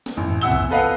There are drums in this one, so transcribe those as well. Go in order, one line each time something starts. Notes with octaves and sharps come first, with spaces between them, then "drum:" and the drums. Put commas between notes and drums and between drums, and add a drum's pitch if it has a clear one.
drum: snare
A1
E2 C3 E4 F#5 E6 G7
drum: kick
F4 A4 B4 D#5 F5 F#5